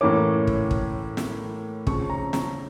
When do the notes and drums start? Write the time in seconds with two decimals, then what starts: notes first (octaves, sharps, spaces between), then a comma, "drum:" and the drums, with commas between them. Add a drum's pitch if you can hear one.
0.01 A2 E3 A#3 C#4 D6
0.47 drum: kick
0.71 drum: kick
1.17 drum: snare
1.87 F2 C#3 F3 C#6, drum: kick
2.10 A#5
2.33 A#5, drum: snare